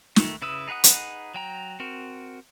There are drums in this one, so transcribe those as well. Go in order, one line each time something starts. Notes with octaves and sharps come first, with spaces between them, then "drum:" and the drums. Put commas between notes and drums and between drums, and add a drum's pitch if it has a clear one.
D#3 A3, drum: snare
C#3 E4 B4 D#6 E6
D#4 G#4 B4 F#5 D#6
drum: hi-hat
F#3 G5 A#5
C4 F#4 A#4